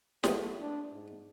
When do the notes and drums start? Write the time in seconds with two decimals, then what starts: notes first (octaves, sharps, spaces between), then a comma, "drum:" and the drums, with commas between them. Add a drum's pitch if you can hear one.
0.24 A3 B3 E4 G4, drum: snare
0.60 D4
0.93 G#2